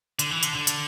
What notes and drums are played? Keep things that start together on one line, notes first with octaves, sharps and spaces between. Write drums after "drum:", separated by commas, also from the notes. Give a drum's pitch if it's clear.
D3, drum: hi-hat
E3
D3, drum: hi-hat
D3
drum: hi-hat